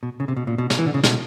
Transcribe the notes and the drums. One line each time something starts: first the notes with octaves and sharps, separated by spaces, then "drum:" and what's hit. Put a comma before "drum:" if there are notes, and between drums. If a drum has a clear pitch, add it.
B2
C#3
C3
B2
A#2
B2
B2, drum: snare
E3
D3
C#3
B2, drum: snare